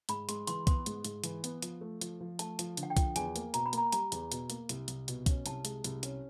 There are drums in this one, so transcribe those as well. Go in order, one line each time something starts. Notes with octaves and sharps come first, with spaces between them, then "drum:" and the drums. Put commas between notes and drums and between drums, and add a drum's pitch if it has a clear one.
G#2 B5, drum: hi-hat
G#3 C6, drum: hi-hat
E3 C6, drum: hi-hat
B3 C6, drum: kick, hi-hat
G#2, drum: hi-hat
G#2, drum: hi-hat
E3, drum: hi-hat
B3, drum: hi-hat
F3, drum: hi-hat
A3
F3, drum: hi-hat
F3
A3 A5, drum: hi-hat
F3, drum: hi-hat
D3, drum: hi-hat
F#5
G5
F3, drum: kick, hi-hat
E2 G#5, drum: hi-hat
A#3, drum: hi-hat
B2 A#5, drum: hi-hat
B5
A#3 A#5, drum: hi-hat
G3 A#5, drum: hi-hat
E2, drum: hi-hat
B2, drum: hi-hat
A#3, drum: hi-hat
C2, drum: hi-hat
C2, drum: hi-hat
B2, drum: hi-hat
C#4, drum: kick, hi-hat
C2 A5, drum: hi-hat
G#3, drum: hi-hat
C2, drum: hi-hat
C#4, drum: hi-hat